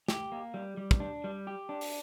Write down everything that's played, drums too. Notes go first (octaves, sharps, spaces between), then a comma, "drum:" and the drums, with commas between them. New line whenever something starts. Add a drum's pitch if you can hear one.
G4, drum: snare
A#3
G3
G3
drum: kick
D4
G3
G4
D4
drum: open hi-hat